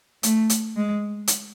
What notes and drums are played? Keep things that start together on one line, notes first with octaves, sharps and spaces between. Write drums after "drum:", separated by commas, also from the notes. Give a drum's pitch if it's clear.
A3, drum: hi-hat
drum: hi-hat
G#3
drum: hi-hat